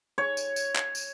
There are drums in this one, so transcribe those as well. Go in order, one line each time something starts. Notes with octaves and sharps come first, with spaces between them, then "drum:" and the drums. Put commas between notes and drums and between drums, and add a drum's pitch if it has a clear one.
C#5
drum: tambourine
drum: tambourine
drum: clap
drum: tambourine